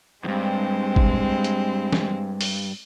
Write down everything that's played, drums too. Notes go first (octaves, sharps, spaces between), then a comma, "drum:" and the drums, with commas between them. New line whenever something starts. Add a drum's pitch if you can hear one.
E2 G2 G#3 C4
drum: kick
drum: hi-hat
drum: snare
drum: open hi-hat